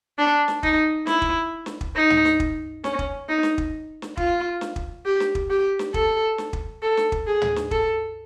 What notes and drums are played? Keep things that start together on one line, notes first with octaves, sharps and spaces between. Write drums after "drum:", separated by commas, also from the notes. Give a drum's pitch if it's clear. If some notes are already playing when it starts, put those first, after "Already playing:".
D4
drum: snare
D#4, drum: kick
E4, drum: snare
drum: kick
drum: snare
drum: kick
D#4
drum: tom
drum: snare
drum: kick
C#4, drum: snare
drum: kick
D#4
drum: snare
drum: kick
drum: snare
F4, drum: kick
drum: snare
drum: kick
G4
drum: snare
drum: kick
G4
drum: snare
A4, drum: kick
drum: snare
drum: kick
A4
drum: snare
drum: kick
G#4
drum: tom
drum: snare
A4, drum: kick